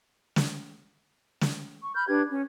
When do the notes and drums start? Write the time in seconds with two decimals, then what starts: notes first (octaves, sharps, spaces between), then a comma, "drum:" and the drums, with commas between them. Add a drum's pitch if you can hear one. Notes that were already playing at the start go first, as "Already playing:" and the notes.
0.36 drum: snare
1.41 drum: snare
1.81 C#6
1.94 B5 F6 G6
2.08 D4 G4 B4 G#6
2.30 C#4